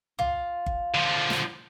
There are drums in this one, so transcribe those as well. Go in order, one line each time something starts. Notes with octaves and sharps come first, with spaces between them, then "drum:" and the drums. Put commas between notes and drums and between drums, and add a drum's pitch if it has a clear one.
F4, drum: tom
drum: kick G1
D3 F3
drum: snare